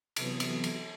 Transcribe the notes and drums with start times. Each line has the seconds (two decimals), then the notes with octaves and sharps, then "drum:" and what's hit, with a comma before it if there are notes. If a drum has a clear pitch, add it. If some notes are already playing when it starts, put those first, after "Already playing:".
0.16 C3 E3 F#3 B3 D#6, drum: cymbal
0.40 drum: cymbal
0.64 drum: cymbal